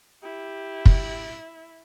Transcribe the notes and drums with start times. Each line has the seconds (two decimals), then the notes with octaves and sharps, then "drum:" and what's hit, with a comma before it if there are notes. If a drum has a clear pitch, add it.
0.23 E4 G4
0.86 drum: kick